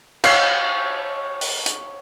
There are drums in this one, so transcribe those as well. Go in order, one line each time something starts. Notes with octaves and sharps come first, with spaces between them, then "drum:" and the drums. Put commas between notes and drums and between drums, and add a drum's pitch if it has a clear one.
C#5 F5 C7, drum: cymbal
drum: open hi-hat
drum: hi-hat